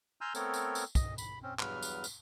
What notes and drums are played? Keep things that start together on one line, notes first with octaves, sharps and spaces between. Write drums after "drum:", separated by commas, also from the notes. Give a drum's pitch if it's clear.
G#5 A#5 C6 E6 F6 G6
A3 B3 C4 A4 A#4 C#5, drum: tambourine
drum: tambourine
drum: tambourine
D#5, drum: kick, tambourine
B5, drum: tambourine
C4 C#4
E2 G2 F#3 B4 F6, drum: clap
drum: tambourine
drum: tambourine